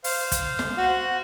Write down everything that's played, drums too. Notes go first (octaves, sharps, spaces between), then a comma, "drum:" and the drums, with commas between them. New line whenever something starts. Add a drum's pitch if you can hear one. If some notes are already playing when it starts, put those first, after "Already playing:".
C5 F5, drum: open hi-hat
drum: kick, hi-hat
drum: snare
F#4